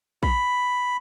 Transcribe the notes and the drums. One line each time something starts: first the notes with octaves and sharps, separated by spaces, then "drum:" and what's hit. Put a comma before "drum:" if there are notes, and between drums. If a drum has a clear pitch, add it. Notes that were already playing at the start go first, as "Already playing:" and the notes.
B5, drum: kick A#1